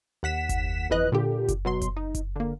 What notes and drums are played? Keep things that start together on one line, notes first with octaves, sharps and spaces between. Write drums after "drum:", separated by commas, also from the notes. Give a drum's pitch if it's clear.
D#2 F#5 B6 E7
drum: kick F#1, hi-hat
G1 F2 E3 B4 D#5 F#6
A#2 D3 G4
drum: kick F#1, hi-hat
B2 F#3 C6
drum: kick F#1, hi-hat
D#4
drum: kick F#1, hi-hat
D3 A#3